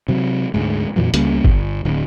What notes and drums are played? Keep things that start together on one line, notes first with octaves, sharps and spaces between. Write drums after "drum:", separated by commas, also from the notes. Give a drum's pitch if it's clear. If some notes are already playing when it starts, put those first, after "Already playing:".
C3 F#3
D2 G#2 G#3
F2 A#2 E3 F#3
C#2 C#3 G3 A#3, drum: hi-hat
G1, drum: kick G1
D1